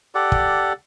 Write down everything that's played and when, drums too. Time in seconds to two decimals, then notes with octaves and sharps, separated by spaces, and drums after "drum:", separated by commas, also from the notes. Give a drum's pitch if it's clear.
0.15 G4 A4 D5 F#5
0.32 drum: kick